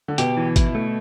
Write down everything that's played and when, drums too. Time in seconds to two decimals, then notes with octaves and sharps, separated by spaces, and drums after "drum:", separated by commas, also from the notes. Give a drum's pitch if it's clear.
0.08 D3
0.18 B2 G4, drum: hi-hat
0.37 E3
0.56 E4, drum: kick G#1, hi-hat
0.75 A3